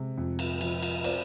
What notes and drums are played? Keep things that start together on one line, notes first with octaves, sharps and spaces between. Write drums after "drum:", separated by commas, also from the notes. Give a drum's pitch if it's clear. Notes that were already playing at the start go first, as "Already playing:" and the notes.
Already playing: C3 G#3
F2
drum: cymbal
F3, drum: cymbal
drum: cymbal
C4 D5, drum: cymbal